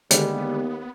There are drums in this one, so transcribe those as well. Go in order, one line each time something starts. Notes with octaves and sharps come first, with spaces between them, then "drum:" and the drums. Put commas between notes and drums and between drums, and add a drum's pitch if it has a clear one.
D#2 D3 D#3 G3 G#3 B3, drum: hi-hat